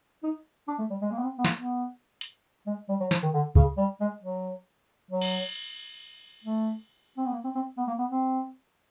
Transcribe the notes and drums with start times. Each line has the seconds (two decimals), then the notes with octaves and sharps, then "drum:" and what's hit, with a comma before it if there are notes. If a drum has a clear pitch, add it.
0.23 D#4
0.68 D4
0.78 A3
0.90 G3
1.01 G#3
1.11 A#3
1.18 B3
1.23 C4
1.38 B3
1.45 A#3, drum: snare
1.57 B3
2.21 drum: hi-hat
2.66 G#3
2.89 G3
3.00 F#3
3.11 F3, drum: snare
3.23 D#3
3.34 D3
3.55 C#3, drum: kick
3.77 G3
4.00 G#3
4.22 F#3
5.11 F#3
5.21 drum: cymbal
6.44 A3
7.17 C4
7.25 B3
7.32 A#3
7.44 C4
7.55 C4
7.77 B3
7.87 A#3
7.98 B3
8.10 C4